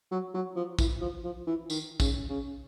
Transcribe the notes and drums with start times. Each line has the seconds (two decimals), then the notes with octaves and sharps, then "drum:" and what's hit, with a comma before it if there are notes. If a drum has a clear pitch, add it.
0.11 F#3
0.34 F#3
0.56 F3
0.79 E3, drum: kick, tambourine
1.01 F3
1.24 F3
1.47 E3
1.70 D#3, drum: tambourine
2.00 C#3, drum: kick, tambourine
2.30 C#3